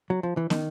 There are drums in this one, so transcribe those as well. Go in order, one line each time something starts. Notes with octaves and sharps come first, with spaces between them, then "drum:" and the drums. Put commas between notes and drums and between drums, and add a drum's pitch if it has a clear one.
F#3
F3
E3
D#3, drum: snare